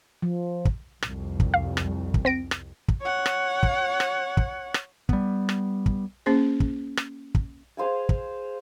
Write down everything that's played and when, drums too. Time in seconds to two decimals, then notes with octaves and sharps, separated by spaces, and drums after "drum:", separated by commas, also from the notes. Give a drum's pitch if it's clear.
0.22 F3
0.65 drum: kick
1.03 C2 F2, drum: rim click
1.40 drum: kick
1.54 F5
1.77 drum: rim click
2.14 drum: kick
2.25 C4 A#6 D7
2.51 drum: rim click
2.88 drum: kick
3.01 C#5 F#5
3.26 drum: rim click
3.63 drum: kick
4.00 drum: rim click
4.37 drum: kick
4.74 drum: rim click
5.09 G3 B3, drum: kick
5.49 drum: rim click
5.86 drum: kick
6.26 A#3 C#4 G#4 C5
6.60 drum: kick
6.97 drum: rim click
7.35 drum: kick
7.77 G#4 C5 F5 G#5
8.09 drum: kick